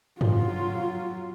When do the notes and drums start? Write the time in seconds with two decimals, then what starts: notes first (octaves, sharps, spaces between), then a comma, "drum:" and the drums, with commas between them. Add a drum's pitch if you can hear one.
0.21 F#3 F4, drum: tom